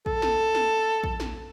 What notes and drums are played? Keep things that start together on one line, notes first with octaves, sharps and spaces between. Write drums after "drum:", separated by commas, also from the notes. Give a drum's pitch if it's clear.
A4, drum: kick A#1
drum: snare
drum: snare
drum: kick A#1
drum: snare